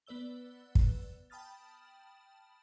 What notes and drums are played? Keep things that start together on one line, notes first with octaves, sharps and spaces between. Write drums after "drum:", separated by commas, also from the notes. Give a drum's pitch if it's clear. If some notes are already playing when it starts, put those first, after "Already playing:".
B3 B4 D5 E6 G7
drum: kick
G5 A5 B5 D#6 F6 A6